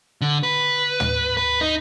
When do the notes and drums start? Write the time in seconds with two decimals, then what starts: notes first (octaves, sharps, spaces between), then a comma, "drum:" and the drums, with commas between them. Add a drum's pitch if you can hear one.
0.21 D3
0.43 B4
1.00 drum: tom
1.37 B4
1.61 D#4